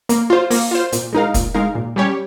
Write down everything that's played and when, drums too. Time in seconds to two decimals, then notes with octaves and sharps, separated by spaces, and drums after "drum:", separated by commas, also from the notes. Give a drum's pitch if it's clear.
0.09 A#3, drum: hi-hat
0.30 F4 C5
0.51 A#3, drum: open hi-hat
0.71 F4 C5
0.92 A#2, drum: hi-hat
1.13 G#3 D#4 A#4 F5
1.34 A#2, drum: kick F1, hi-hat
1.54 G#3 D#4 A#4 F5
1.75 A#2
1.96 G3 C#4 G4 C#5